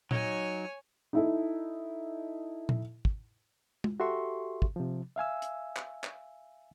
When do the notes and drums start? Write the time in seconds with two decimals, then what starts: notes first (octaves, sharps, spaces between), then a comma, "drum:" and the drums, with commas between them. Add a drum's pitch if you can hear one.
0.11 F#3 D#4 C#5 G#5, drum: tom A#2
1.13 D#4 E4 A4
2.69 drum: tom A#2
3.05 drum: kick
3.84 drum: tom G#3
4.00 F#4 G4 A4 E5 C6 C#6
4.62 drum: kick
4.76 C3 F3
5.16 E5 F5 G#5 E6
5.42 drum: hi-hat
5.76 drum: clap
6.04 drum: clap